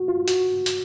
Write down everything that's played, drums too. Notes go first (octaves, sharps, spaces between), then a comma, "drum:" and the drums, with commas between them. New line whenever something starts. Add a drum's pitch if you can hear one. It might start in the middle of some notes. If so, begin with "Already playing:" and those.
Already playing: F#4
F4
F#4, drum: hi-hat
drum: hi-hat